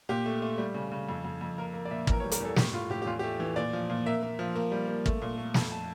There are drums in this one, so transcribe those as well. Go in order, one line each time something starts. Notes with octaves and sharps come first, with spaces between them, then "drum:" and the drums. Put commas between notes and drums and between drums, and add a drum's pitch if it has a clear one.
A#2 G4
A3
A3
G3
C#3
C#3
F2
F2
F2
A#3 A#4
A#3
D5
A#2 E5
E3 A#4, drum: kick
C#5
G3
A#4, drum: hi-hat
E2 A4
A2 G4, drum: snare
A2 F4
A2 G4
G4
E2 F4
G4
A3
E3
A#2 D5
F3
A#2
A#3 E5
A#3
F3
A#3
G3
A#3
A3, drum: kick
A#2
A3
F2 A5, drum: snare
A5